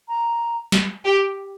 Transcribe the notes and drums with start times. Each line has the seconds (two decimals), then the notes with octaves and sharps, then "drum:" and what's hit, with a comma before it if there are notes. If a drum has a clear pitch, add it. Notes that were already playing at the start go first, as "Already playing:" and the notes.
0.08 A#5
0.72 drum: snare
1.04 G4